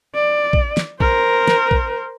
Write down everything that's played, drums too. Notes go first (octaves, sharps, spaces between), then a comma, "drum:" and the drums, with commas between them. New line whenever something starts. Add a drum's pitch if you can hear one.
D5
drum: kick
drum: snare
A#4 C5, drum: kick
drum: snare
drum: kick